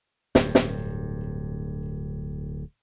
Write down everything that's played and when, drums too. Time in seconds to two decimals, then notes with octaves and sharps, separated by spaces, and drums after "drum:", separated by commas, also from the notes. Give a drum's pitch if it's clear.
0.35 D1 G2, drum: snare
0.55 drum: snare